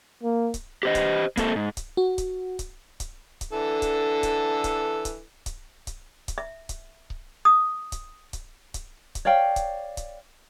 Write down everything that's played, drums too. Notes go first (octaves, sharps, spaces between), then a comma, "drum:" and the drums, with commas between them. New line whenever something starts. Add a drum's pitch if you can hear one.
A#3
drum: kick C#1, hi-hat
G4 C5 D#5
drum: kick C#1, hi-hat
A#3 C4 A4, drum: kick C#1, hi-hat
G#2
drum: kick C#1, hi-hat
F#4
drum: kick C#1, hi-hat
drum: kick C#1, hi-hat
drum: kick C#1, hi-hat
drum: kick C#1, hi-hat
D3 E3 A4
drum: kick C#1, hi-hat
drum: kick C#1, hi-hat
drum: kick C#1, hi-hat
drum: kick C#1, hi-hat
drum: kick C#1, hi-hat
drum: kick C#1, hi-hat
drum: kick C#1, hi-hat
E5
drum: kick C#1, hi-hat
drum: kick C#1
D#6
drum: kick C#1, hi-hat
drum: kick C#1, hi-hat
drum: kick C#1, hi-hat
drum: kick C#1, hi-hat
C#5 D5 F5 G5
drum: kick C#1, hi-hat
drum: kick C#1, hi-hat